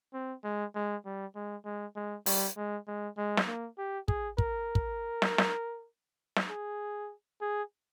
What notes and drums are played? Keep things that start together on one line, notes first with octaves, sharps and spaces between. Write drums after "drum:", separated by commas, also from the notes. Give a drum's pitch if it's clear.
C4
G#3
G#3
G3
G#3
G#3
G#3
G3, drum: open hi-hat
G#3
G#3
G#3
drum: snare
A#3
G4
G#4, drum: kick
A#4, drum: kick
drum: kick
drum: snare
drum: snare
drum: snare
G#4
G#4